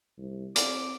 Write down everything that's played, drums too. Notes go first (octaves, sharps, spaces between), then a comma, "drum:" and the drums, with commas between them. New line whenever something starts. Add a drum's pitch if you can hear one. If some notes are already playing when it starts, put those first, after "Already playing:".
C2
C4 D5 D6, drum: hi-hat